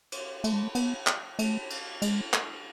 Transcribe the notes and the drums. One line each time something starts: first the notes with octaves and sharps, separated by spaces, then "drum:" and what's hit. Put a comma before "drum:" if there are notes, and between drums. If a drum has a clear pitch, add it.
drum: cymbal
A3, drum: cymbal
G#3
A3
B3, drum: cymbal
drum: clap
A3, drum: cymbal
drum: cymbal
G#3, drum: cymbal
drum: clap